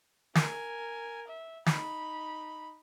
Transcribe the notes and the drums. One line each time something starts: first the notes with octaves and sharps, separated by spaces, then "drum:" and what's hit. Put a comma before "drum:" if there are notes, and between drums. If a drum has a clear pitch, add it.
A#4 G#5, drum: snare
E5
D#4 B5, drum: snare